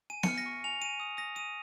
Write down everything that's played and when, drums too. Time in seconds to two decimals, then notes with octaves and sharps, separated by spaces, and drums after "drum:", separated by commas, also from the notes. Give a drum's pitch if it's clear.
0.10 G#5 D#7
0.23 F6 C#7, drum: snare B3
0.38 A#6
0.46 C#6
0.64 G#5 F7
0.81 G#5 D#7
1.00 D#6
1.17 D#6 A#6
1.35 D#6 D#7